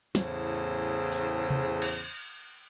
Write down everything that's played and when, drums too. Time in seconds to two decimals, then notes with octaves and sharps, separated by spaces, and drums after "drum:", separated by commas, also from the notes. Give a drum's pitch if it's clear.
0.15 E2 A2 C#3 C5, drum: snare
1.12 drum: open hi-hat
1.50 drum: tom C3
1.82 drum: cymbal